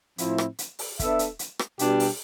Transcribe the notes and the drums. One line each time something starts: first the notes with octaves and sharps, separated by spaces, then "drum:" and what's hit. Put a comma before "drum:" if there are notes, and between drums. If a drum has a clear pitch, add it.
A2 F3 C4 E4, drum: hi-hat
drum: rim click
drum: hi-hat
drum: open hi-hat
B3 D4 A4 E5, drum: kick, hi-hat
drum: hi-hat
drum: hi-hat
drum: rim click
B2 G3 D4 G4, drum: hi-hat
drum: open hi-hat